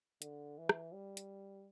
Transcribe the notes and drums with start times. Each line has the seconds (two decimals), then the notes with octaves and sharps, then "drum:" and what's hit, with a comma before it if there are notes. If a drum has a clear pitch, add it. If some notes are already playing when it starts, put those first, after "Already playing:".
0.22 D3, drum: hi-hat
0.58 E3
0.69 drum: rim click
0.93 G3
1.17 drum: hi-hat